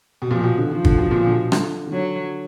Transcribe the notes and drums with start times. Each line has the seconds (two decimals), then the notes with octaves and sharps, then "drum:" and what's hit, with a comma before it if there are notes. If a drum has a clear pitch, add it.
0.22 B2
0.30 A#2 F3
0.44 B2
0.58 D3
0.71 D#3 F3
0.85 D3, drum: kick
0.98 B2
1.11 A#2
1.27 D3
1.31 B2
1.52 D3, drum: rim click
1.87 D#3
1.92 D3 F#3